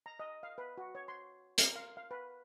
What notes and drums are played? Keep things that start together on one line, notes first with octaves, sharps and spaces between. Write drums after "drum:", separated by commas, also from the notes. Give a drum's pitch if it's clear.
A#5
D#5
F5
B4
F#4
C#5
C6
A#4, drum: hi-hat
F5
F5
B4